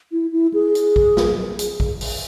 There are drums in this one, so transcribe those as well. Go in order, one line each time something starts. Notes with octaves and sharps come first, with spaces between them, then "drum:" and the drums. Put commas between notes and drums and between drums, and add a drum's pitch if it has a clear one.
E4
E4
G#4
drum: hi-hat
drum: kick A#1
drum: snare
drum: hi-hat
drum: kick A#1
drum: open hi-hat